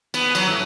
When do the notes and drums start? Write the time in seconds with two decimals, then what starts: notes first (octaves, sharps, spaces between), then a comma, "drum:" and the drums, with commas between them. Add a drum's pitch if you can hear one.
0.14 B3, drum: cymbal
0.35 F#3, drum: cymbal
0.49 A2